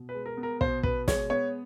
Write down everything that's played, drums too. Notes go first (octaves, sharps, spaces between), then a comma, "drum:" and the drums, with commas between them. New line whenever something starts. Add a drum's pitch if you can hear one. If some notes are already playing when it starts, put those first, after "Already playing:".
Already playing: B2
B4
G#3
A#4
B3
A#4
B2 C5, drum: kick
B2 B4, drum: kick
G#3 C#5, drum: snare
B3 C#5